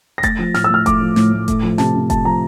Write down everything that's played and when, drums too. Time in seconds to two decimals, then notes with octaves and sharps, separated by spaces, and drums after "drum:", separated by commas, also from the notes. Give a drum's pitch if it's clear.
0.18 A#6
0.23 A3 A6, drum: kick F1, hi-hat
0.39 F3
0.54 A2 F6, drum: snare
0.64 E6
0.70 A2 F6
0.86 A3 D6, drum: kick F1, hi-hat
1.01 F3
1.16 A2, drum: snare
1.33 A2
1.48 A3, drum: kick F1, hi-hat
1.63 F3
1.78 C3 A5, drum: snare
1.94 C3
2.10 A3 A5, drum: kick F1, hi-hat
2.24 F3 A#5